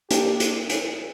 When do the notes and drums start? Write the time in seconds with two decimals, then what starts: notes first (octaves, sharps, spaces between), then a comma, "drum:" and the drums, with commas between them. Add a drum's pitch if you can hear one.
0.11 A#3 D4 G4, drum: hi-hat
0.40 drum: hi-hat
0.70 drum: hi-hat